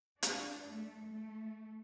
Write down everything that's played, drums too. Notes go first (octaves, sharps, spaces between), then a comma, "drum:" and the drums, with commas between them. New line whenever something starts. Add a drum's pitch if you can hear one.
D4, drum: hi-hat
A3
A3